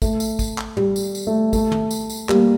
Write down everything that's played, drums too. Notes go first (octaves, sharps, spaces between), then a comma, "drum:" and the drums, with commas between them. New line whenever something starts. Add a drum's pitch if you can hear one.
A3, drum: kick, tambourine
drum: tambourine
drum: kick, tambourine
drum: clap
G3, drum: tom
drum: tambourine
drum: tambourine
A3
A3, drum: kick, tambourine
drum: tom
drum: tambourine
drum: tambourine
G3 A#3, drum: clap